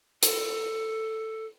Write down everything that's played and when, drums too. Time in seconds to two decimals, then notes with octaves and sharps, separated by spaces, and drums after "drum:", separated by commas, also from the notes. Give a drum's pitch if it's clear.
0.23 A4, drum: hi-hat